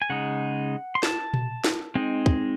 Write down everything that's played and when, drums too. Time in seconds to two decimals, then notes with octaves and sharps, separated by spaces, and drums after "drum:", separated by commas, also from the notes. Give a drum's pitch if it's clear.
0.02 G#5
0.10 C#3 G#3 D#4 F#5
0.95 C6
1.03 A5, drum: snare
1.34 drum: tom A#2
1.64 drum: snare
1.95 G#3 C4 D#4
2.26 drum: kick